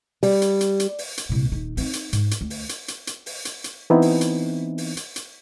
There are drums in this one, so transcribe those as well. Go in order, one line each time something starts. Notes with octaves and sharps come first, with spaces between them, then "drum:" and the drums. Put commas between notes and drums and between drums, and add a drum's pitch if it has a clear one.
G3, drum: open hi-hat
drum: hi-hat
drum: hi-hat
drum: hi-hat
drum: open hi-hat
drum: hi-hat
C2 A#2
D#1 D#4
C4 D#4, drum: open hi-hat
drum: hi-hat
G#2, drum: hi-hat
drum: hi-hat
D2
drum: open hi-hat
drum: hi-hat
drum: hi-hat
drum: hi-hat
drum: open hi-hat
drum: hi-hat
drum: hi-hat
E3 B3 C4 D#4 E4
drum: open hi-hat
drum: hi-hat
drum: open hi-hat
drum: hi-hat
drum: hi-hat